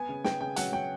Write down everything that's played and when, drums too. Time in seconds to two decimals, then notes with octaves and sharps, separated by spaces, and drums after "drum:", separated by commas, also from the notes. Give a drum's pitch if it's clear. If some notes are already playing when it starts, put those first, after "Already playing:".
Already playing: B3 G#5
0.09 C#3
0.24 B3 G5, drum: snare
0.41 C#3 G5
0.56 F#3 F#5, drum: hi-hat
0.72 F#3 G5